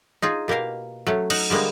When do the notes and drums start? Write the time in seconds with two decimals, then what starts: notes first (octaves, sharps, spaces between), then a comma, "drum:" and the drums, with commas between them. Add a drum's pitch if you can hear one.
0.22 D#4 F4 G#4
0.48 B2 A#3 G4 A#4 F5
1.07 F#3 A3 C#4
1.30 D#4 F#5, drum: cymbal
1.50 D3 G3 G#3 A#3 B3